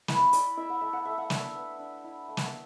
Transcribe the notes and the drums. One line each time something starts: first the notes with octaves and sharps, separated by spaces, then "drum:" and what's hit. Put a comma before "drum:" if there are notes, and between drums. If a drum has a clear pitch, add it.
E4 B4, drum: snare
E4 D5, drum: hi-hat
E4 E5
F#5
A3 E5
F#5
A3 E5
F#5
D4 E5, drum: snare
B3
D4
E4
A3
F#5, drum: snare
E5